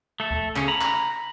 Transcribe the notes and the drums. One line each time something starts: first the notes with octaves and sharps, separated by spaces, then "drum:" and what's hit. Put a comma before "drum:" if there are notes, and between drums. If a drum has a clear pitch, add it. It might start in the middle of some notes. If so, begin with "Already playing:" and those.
A3 A4
drum: kick D2
C#3 C#4, drum: clap
A#5 B5
drum: clap